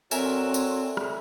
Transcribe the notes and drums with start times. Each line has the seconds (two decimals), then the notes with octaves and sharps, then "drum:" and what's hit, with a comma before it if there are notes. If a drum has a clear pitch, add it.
0.11 F#3 C4 A4 A#4 D5 E5 G#5, drum: tambourine
0.54 drum: tambourine
0.97 drum: rim click